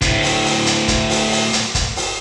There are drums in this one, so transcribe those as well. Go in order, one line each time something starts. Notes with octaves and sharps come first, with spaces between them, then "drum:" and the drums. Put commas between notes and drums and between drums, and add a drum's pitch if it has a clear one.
D2 A2, drum: kick, hi-hat
drum: open hi-hat
drum: open hi-hat
drum: hi-hat
drum: kick, hi-hat
drum: open hi-hat
drum: open hi-hat
drum: hi-hat
drum: kick, hi-hat
drum: open hi-hat